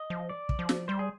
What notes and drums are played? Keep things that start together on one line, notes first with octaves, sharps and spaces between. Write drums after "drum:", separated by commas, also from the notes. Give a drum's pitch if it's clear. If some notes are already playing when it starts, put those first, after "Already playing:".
Already playing: D#5
F3
D5
drum: kick
F3
drum: snare
G3 C5
G#4